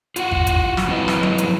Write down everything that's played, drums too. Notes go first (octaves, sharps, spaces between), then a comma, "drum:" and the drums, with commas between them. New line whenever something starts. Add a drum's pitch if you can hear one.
F4 F#4 E5 F#5, drum: hi-hat
drum: kick
drum: kick, hi-hat
drum: snare
F3 F#3 C4 E4 B4 D#5
drum: snare
drum: tom F3
drum: hi-hat